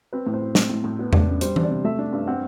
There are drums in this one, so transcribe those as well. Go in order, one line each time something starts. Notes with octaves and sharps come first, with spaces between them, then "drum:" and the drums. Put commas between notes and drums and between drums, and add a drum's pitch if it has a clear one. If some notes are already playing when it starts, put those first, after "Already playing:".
C4 B4
A2
C5
A2
C4, drum: snare
A2
A2
B3
D4, drum: tom E2
F#2
G3 C5, drum: hi-hat
D4, drum: tom E3
D5
C3
A3 E5
D4
G2
C4 F#5